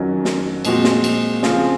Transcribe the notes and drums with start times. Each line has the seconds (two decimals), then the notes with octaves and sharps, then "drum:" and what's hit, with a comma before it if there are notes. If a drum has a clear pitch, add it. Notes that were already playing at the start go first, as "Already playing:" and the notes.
Already playing: F2 D#3 F#3 C#4
0.25 drum: snare
0.65 A#2 F3 G#3 C4 F#4, drum: cymbal
0.84 drum: snare
1.04 drum: cymbal
1.43 C#3 F3 C4 F4 G#4, drum: snare